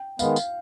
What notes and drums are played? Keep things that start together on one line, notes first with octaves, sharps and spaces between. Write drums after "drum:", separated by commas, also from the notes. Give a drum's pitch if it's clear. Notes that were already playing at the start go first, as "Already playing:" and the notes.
Already playing: G5
D#3 G#3 B3 F5, drum: tambourine
drum: tambourine